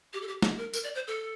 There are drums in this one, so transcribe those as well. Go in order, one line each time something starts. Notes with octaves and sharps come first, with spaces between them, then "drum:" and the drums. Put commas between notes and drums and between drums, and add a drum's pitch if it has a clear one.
G4
A4
G4
G4, drum: snare
A#4
A#4, drum: tambourine
D5
C5
A4